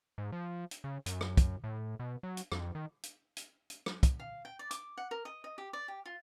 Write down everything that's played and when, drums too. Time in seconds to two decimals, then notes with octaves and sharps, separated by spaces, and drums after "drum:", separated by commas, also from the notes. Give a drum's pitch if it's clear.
0.18 G#2
0.32 F3
0.71 drum: hi-hat
0.84 C#3
1.06 F#2, drum: hi-hat
1.21 drum: rim click
1.37 drum: kick, hi-hat
1.64 A2
1.99 B2
2.23 F#3
2.37 drum: hi-hat
2.52 F2, drum: rim click
2.75 D#3
3.03 drum: hi-hat
3.37 drum: hi-hat
3.70 drum: hi-hat
3.86 drum: rim click
4.03 drum: kick, hi-hat
4.19 F5
4.45 G5
4.59 D5
4.71 D6, drum: hi-hat
4.98 F#5
5.11 A#4
5.25 D#5
5.44 D#5
5.58 G4
5.73 D5
5.88 G4
6.06 F4